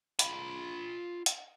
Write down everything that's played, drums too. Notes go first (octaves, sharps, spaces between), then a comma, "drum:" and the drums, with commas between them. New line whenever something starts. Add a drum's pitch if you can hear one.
F4 B5, drum: hi-hat
drum: hi-hat